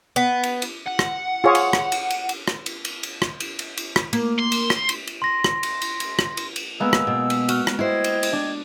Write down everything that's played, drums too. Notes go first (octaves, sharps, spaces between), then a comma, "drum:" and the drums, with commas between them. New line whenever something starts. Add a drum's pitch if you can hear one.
B3
drum: cymbal
drum: cymbal
F#5
drum: rim click
F4 G#4 C#5
drum: cymbal
drum: rim click
drum: cymbal
drum: cymbal
drum: cymbal
drum: rim click
drum: cymbal
drum: cymbal
drum: cymbal
drum: rim click
drum: cymbal
drum: cymbal
drum: cymbal
drum: rim click
A#3, drum: cymbal
C6
drum: cymbal
drum: rim click
drum: cymbal
drum: cymbal
C6 A#6
drum: rim click
drum: cymbal
drum: cymbal
drum: cymbal
drum: rim click
drum: cymbal
drum: cymbal
G#3 A#3 B3 E6
drum: rim click
B2
drum: cymbal
F#4 F6, drum: cymbal
drum: rim click
E4 C5 D#5 G5 G#6
drum: cymbal
drum: cymbal
D4